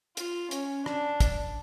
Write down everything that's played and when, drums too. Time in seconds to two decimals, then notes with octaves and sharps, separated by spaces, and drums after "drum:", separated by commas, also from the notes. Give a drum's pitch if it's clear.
0.17 F4, drum: hi-hat
0.51 C#4, drum: hi-hat
0.86 D4, drum: rim click
1.20 drum: kick, hi-hat